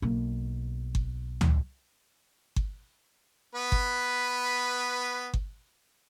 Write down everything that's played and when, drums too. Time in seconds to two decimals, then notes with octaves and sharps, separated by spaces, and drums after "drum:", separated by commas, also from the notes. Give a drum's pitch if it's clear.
0.02 B1 A#3
0.95 drum: kick G1
1.41 drum: tom D2
2.56 drum: kick G1
3.55 B3 B4
3.72 drum: kick G1
5.34 drum: kick G1